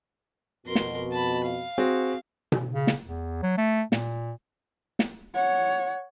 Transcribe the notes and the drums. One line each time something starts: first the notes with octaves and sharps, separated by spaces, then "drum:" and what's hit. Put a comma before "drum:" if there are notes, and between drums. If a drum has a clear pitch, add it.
F2 B2 A#4 C6
drum: snare
A5 B5
F5
C4 F#4 G#4
drum: tom B2
C#3
drum: snare
E2
F#3
A3
A#2, drum: snare
drum: snare
C#5 F#5